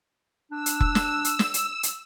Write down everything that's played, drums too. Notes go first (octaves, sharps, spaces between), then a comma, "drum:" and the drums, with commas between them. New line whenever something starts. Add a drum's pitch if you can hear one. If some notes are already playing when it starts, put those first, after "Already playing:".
D4 E6
drum: hi-hat
drum: kick F1
drum: snare
drum: hi-hat
drum: snare
drum: hi-hat
drum: hi-hat